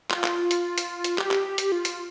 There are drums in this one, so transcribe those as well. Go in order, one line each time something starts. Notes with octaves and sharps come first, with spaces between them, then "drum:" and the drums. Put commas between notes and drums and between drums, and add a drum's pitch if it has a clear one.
F4, drum: clap
drum: clap
drum: hi-hat
drum: hi-hat
drum: hi-hat
G4, drum: clap
drum: clap
drum: hi-hat
F4
drum: hi-hat